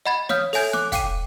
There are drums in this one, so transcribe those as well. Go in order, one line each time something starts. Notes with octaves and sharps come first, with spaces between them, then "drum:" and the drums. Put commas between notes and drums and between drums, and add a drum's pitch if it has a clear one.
D#5 F#5 B5 G#6 A6
C#5 F5 D#6 F6 G6, drum: snare
A4 C#5 E5 G#5 G6 G#6, drum: open hi-hat
D6 F#6, drum: snare
F5 G5 D6 C7 D#7, drum: kick, hi-hat